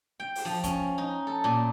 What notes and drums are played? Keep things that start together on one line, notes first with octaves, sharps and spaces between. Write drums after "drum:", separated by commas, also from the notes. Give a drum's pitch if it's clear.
G5
drum: open hi-hat
F3
C#4, drum: kick, hi-hat
D#4
A4
A#2